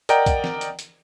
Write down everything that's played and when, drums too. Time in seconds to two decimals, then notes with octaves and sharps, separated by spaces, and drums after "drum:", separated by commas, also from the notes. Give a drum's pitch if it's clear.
0.09 A#4 D5 D#5 F#5 G5 A#5, drum: hi-hat
0.26 drum: kick, hi-hat
0.44 drum: snare
0.61 drum: hi-hat
0.79 drum: hi-hat